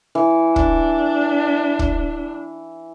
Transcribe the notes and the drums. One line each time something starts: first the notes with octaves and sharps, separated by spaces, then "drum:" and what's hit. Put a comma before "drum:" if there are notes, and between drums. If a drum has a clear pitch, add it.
E3
D4, drum: kick
drum: kick